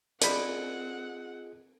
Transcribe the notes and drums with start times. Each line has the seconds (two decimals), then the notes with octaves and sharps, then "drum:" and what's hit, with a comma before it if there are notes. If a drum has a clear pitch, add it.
0.21 C4 F4 G#4 D5 D#5 F#5 B5, drum: hi-hat